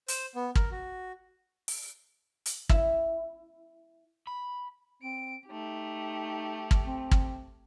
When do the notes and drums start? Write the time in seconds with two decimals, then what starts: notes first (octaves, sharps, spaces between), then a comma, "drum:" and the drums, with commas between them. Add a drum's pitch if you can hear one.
0.08 C5, drum: hi-hat
0.35 B3
0.55 A#4, drum: kick
0.71 F#4
1.68 drum: open hi-hat
2.46 drum: hi-hat
2.69 E4, drum: kick
4.27 B5
5.03 C4 D7
5.48 A3 D#4 G4
6.71 drum: kick
6.87 C4
7.11 drum: kick